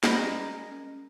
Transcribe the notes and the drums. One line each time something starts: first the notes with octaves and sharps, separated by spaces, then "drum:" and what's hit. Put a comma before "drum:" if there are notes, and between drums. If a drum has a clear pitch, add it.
G3 G#3 C#4 A#4 B4 D#5 G#5, drum: snare